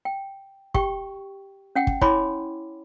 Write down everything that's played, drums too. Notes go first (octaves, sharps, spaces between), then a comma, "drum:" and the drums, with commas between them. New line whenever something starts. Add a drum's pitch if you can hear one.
G5
G4 G5 C#6, drum: kick
C#4 F#5 G5
drum: kick
E4 C#5 G#5 B5 C6 D6, drum: kick